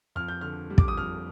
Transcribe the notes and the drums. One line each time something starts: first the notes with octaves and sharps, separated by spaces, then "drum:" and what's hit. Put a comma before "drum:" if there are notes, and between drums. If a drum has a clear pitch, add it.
F2 F6
G6
D3 F6
G3
D6, drum: kick
D#6
F2 F6